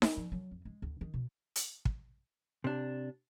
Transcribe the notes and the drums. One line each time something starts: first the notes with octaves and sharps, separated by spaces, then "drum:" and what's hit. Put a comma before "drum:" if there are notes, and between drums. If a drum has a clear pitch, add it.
C4, drum: snare D#4
F3
F#3
F2
G#3
D2
D#3
B2
drum: hi-hat
drum: kick
C3 D4